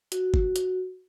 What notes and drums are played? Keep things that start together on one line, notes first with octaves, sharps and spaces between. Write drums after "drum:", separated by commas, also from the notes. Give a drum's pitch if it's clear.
F#4, drum: hi-hat
drum: kick
drum: hi-hat